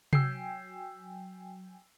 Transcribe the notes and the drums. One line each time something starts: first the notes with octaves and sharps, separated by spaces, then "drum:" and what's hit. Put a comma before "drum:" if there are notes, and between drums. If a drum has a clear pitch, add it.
F#3 G5 G#5 E6 C7, drum: tom C3